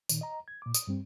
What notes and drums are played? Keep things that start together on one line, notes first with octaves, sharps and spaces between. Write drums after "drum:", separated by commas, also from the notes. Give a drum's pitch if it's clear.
A#2 D#3, drum: tambourine
D#5 A#5
G#6
A#2 D6
D#6, drum: tambourine
G2 G3 C4